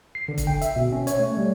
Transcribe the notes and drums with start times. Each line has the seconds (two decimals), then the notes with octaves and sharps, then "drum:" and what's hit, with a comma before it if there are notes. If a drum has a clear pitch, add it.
0.15 C7
0.28 D3
0.38 drum: kick, hi-hat
0.47 G5
0.62 E5, drum: hi-hat
0.76 B2
0.92 C#4
1.07 C#5, drum: hi-hat
1.19 A3
1.37 G3